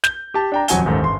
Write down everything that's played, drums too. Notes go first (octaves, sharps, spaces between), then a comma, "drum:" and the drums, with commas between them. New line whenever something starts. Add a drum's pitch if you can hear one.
G6, drum: snare
G4 A5
D4 G5 A#5
D#1 F2 F#3 F#4 G#5 G7, drum: hi-hat
D#1 G#2 A4
G1 C6